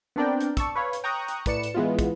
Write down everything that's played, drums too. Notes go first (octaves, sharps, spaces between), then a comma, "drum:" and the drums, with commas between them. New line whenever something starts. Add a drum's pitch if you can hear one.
B3 C4 D4 A#4 D5 G5
drum: hi-hat
D5 A5 C#6 E6, drum: kick, hi-hat
B4 C#5 F5
drum: hi-hat
G5 A#5 C#6 D#6 F#6
drum: hi-hat
A2 B4 D5 C#7 E7, drum: kick, hi-hat
drum: hi-hat
E3 G#3 B3 E4 F4
drum: kick, hi-hat